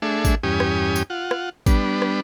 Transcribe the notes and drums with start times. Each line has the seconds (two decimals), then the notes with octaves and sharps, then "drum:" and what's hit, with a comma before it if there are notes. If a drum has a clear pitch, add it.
0.02 A3 D4 G#4 E5
0.25 drum: kick G#1, tambourine
0.43 E2 G2 C#4 G4 G#5 D#6
0.60 drum: rim click
0.96 drum: tambourine
1.10 F4 F#5
1.31 drum: rim click
1.66 G3 B3 D4, drum: kick G#1, tambourine
2.02 drum: rim click